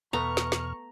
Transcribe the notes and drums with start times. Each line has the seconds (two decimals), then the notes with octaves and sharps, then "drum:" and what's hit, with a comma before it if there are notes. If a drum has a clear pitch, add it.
0.13 E2 B2 A3 B3 A#5 C#6 F6
0.37 drum: snare
0.52 drum: snare